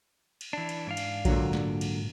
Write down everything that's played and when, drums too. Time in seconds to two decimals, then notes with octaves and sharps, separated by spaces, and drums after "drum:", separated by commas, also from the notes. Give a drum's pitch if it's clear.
0.41 drum: cymbal
0.53 E3 D4
0.69 drum: cymbal
0.87 G#2 D4 F5
0.97 drum: cymbal
1.25 A#2 D3 F#3, drum: kick A#1, cymbal
1.53 drum: snare
1.81 drum: cymbal